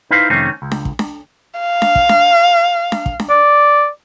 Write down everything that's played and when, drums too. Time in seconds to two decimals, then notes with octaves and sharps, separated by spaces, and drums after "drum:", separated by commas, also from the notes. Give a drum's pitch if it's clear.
0.11 D#4 E4 B4 C5 F5 C6
0.30 F2 C3 D#3 A3 C4 C#4
0.62 C#2
0.71 drum: snare D4
0.85 drum: kick
0.99 drum: snare D4
1.60 F5
1.82 drum: snare D4
1.96 drum: kick
2.09 drum: snare D4
2.92 drum: snare D4
3.06 drum: kick
3.20 drum: snare D4
3.30 D5